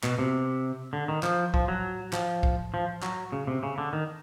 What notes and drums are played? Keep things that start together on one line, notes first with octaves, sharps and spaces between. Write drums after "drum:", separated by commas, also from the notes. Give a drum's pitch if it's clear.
B2, drum: clap
C3
D3
D#3
F3, drum: clap
F3, drum: kick
F#3
F3, drum: clap
drum: kick
F3
F#3, drum: clap
C#3
C3
C#3
D3
D#3